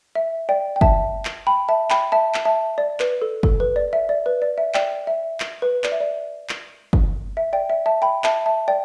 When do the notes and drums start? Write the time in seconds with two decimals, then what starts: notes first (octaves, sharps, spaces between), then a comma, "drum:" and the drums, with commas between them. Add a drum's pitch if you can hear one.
0.15 E5
0.49 D5 G5
0.76 G5
0.81 E5 A5, drum: kick
1.25 drum: clap
1.47 G5 B5
1.68 E5 A5
1.90 G5 B5, drum: clap
2.12 E5 A5
2.34 drum: clap
2.45 E5 A5
2.78 D5
3.00 B4, drum: clap
3.22 A4
3.43 A4, drum: kick
3.60 B4
3.76 D5
3.93 E5
4.09 D5
4.26 B4
4.42 D5
4.58 E5
4.74 D5 G5, drum: clap
5.07 E5
5.40 drum: clap
5.62 B4
5.84 D5, drum: clap
5.92 E5
6.00 D5
6.49 drum: clap
6.93 drum: kick
7.37 E5
7.53 D5 G5
7.70 E5
7.86 E5 A5
8.02 G5 B5
8.24 E5 A5, drum: clap
8.46 E5 A5
8.68 D5 G5